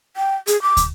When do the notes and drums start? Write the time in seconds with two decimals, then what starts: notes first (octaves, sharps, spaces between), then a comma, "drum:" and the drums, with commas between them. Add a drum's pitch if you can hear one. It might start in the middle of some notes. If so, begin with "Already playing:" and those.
0.17 G5
0.47 G#4, drum: hi-hat
0.62 D6
0.77 drum: kick, hi-hat